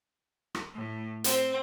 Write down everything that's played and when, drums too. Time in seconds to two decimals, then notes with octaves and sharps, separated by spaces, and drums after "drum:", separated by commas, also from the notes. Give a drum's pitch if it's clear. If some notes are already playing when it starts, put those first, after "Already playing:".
0.55 drum: rim click
0.73 A2
1.24 C4, drum: hi-hat